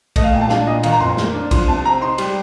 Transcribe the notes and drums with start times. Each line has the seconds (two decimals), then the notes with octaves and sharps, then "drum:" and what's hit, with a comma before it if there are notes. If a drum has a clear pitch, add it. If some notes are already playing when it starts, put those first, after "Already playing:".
0.16 A3 D#5, drum: kick, cymbal
0.24 F5
0.33 A#2 G5
0.41 A5
0.49 D4 F5, drum: snare
0.66 A#2 D#5
0.83 D#3 F5, drum: cymbal
0.92 A#5
1.00 F2 C6
1.17 A#3, drum: snare
1.34 D4
1.51 F3 C6, drum: kick, cymbal
1.68 C3 A5
1.84 C4 A#5
2.01 D#4 C6
2.18 G3, drum: cymbal